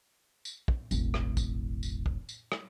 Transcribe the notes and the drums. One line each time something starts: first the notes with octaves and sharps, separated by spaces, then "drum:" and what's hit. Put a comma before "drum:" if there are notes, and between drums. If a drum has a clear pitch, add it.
drum: tambourine
drum: kick
E1 A1, drum: tambourine
drum: rim click
drum: kick, tambourine
drum: tambourine
drum: kick
drum: tambourine
drum: rim click